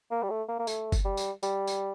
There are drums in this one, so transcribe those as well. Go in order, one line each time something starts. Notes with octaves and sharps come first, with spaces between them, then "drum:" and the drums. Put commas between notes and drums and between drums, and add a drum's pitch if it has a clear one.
A#3
G3
A3
A#3
A#3
A3, drum: tambourine
drum: kick F#1, tambourine
G3
drum: tambourine
G3, drum: tambourine
drum: tambourine